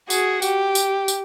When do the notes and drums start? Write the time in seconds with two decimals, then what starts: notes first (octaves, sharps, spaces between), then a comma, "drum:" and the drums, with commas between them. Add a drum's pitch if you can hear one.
0.10 F#4 G#4, drum: tambourine
0.42 G4, drum: tambourine
0.75 drum: tambourine
1.08 drum: tambourine